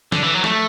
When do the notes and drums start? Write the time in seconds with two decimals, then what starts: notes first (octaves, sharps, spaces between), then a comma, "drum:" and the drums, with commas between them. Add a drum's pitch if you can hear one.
0.12 D3, drum: snare
0.23 E3
0.34 F#3
0.44 A3, drum: snare